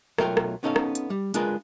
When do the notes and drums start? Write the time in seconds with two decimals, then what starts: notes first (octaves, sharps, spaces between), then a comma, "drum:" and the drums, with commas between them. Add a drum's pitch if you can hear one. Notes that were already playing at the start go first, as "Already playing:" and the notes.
0.18 B1 F#3 A3 F4 A#4 G5, drum: rim click
0.37 drum: rim click
0.63 B3 C#4 D#4 A4 D#5 F5
0.76 drum: rim click
0.95 drum: hi-hat
1.10 G3
1.34 G#3 D4 F4 G#4 A#4 B4, drum: hi-hat